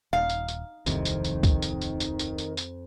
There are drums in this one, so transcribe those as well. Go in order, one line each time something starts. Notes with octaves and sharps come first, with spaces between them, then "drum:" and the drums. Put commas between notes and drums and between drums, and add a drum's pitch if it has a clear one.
D#1 D#4 F5
drum: tambourine
drum: tambourine
D1 C2 F2 C3 D#3, drum: tambourine
drum: tambourine
drum: tambourine
drum: kick C#2, tambourine
drum: tambourine
drum: tambourine
drum: tambourine
drum: tambourine
drum: tambourine
drum: tambourine